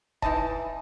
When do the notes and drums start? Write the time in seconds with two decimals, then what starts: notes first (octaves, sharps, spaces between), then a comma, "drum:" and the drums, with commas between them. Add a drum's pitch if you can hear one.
0.22 E3 D#4 D#5 A5, drum: kick E1